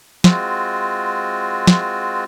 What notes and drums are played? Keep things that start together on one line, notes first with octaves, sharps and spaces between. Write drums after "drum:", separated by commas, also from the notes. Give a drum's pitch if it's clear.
G#3 C4 F4 F#4, drum: snare
drum: snare